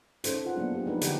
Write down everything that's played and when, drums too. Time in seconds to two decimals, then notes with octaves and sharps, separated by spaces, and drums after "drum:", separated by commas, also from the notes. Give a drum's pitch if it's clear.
0.24 C#4 D#4 A4 C5, drum: hi-hat
0.44 E4 F4 G#4 B4 F#5
0.56 F#3 G#3 A#3 B3 D4 F4
0.72 D4 G4 G#4
0.86 F3 G#3 D#4 F4 G#4 B4
1.01 D3 G4 D5 F#5, drum: hi-hat